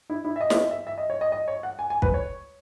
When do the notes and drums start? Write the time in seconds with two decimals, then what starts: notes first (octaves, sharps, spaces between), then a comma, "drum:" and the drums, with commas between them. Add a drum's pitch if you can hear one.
0.10 E4
0.25 E4
0.36 E5
0.41 D#5
0.50 E5, drum: snare
0.55 D#5
0.71 E5
0.87 E5
0.98 D#5
1.10 C#5
1.21 D#5
1.32 D#5
1.48 C#5
1.63 F#5
1.79 G#5
1.90 G#5
2.02 B4, drum: kick
2.14 C#5